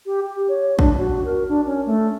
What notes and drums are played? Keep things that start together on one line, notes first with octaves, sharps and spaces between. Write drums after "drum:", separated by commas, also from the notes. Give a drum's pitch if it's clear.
G4
G4
C#5
D4, drum: kick A1
F#4
A#4
D4
C#4
A3